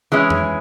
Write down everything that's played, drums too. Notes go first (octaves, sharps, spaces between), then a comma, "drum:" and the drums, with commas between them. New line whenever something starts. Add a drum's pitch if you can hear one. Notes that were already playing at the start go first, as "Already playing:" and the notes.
E3 G#3 C#4 E4 G#4
drum: tom F2